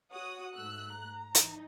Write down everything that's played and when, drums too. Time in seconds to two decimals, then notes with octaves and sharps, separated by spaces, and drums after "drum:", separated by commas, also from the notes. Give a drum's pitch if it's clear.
0.11 F#4 C#5 F#5 D#6
0.54 G#2 A3 E6 F#6
0.92 A#5
1.35 E3 D#4, drum: hi-hat